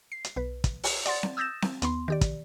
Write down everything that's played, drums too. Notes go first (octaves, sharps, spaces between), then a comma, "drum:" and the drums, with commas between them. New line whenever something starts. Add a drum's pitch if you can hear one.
C7
drum: hi-hat
B1 B4
drum: kick, hi-hat
drum: open hi-hat
D5 F#5 C6 A6, drum: hi-hat
drum: snare C4
D#6 E6 G6 A6 A#6 E7
drum: snare C4
D#2 B3 C6, drum: hi-hat
D#3 G4 D5
drum: kick, hi-hat